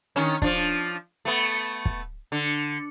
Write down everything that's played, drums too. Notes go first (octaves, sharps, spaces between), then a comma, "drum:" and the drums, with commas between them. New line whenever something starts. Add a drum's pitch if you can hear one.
D#3 C#4, drum: hi-hat
F3 D4, drum: kick
A3 B3
drum: kick
D3